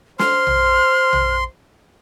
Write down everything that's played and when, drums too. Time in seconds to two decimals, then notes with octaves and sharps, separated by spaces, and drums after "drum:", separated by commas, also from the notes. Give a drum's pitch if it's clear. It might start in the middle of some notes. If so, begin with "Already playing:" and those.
0.19 C5 C6 F6, drum: snare
0.47 drum: tom A#1
1.13 drum: tom A#1